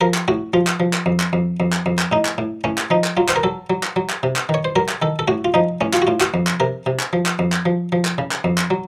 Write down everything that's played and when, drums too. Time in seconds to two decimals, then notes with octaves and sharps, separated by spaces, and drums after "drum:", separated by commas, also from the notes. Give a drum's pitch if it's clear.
0.01 F3 A#4
0.14 drum: clap
0.28 A2 F#4
0.53 F3 F4
0.67 drum: clap
0.80 F3
0.93 drum: clap
1.06 F2
1.20 drum: clap
1.33 F2
1.60 F2
1.72 drum: clap
1.86 F2
1.99 drum: clap
2.12 A2 D#4
2.25 drum: clap
2.38 A2
2.64 A2 C#4
2.78 drum: clap
2.90 F3 D#4
3.04 drum: clap
3.17 F#3 F4
3.29 C5, drum: clap
3.36 A#4
3.43 F#3 A4
3.70 F#3
3.83 drum: clap
3.96 F#3
4.10 drum: clap
4.23 C3
4.36 drum: clap
4.49 D#3 C#5
4.65 C5
4.76 F#3 A#4
4.89 drum: clap
5.02 D#3 A4
5.19 A4
5.28 A2 F#4
5.45 F4
5.54 F3 D#4
5.81 A2 C#4
5.94 F4, drum: clap
6.02 F#4
6.07 A2 F4
6.21 F#4, drum: clap
6.34 F2
6.47 drum: clap
6.60 C3 A#4
6.86 C3
7.00 drum: clap
7.13 F3
7.26 drum: clap
7.39 F2
7.52 drum: clap
7.66 F3
7.92 F3
8.05 drum: clap
8.18 C#3
8.31 drum: clap
8.44 F2
8.58 drum: clap
8.70 F#3